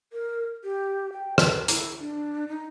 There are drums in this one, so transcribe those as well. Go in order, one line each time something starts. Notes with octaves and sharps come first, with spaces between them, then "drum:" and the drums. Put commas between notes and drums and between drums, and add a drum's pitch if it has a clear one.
A#4
G4
G5
B4, drum: rim click
E4, drum: hi-hat
D4
D#4